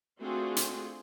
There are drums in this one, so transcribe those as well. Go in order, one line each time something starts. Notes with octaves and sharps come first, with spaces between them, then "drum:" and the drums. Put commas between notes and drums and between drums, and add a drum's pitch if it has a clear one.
A3 C4 D4 F4 F#4 G#4
drum: hi-hat